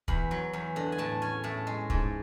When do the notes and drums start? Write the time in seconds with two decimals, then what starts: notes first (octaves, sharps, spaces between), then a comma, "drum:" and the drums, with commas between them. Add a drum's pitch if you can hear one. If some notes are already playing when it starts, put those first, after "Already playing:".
0.08 E2 B5, drum: kick
0.31 F#3
0.53 E2
0.76 D3
0.92 G#5
0.98 A2 A5
1.22 C#4 G#5
1.44 A2 A5
1.67 G#3
1.90 G#2, drum: kick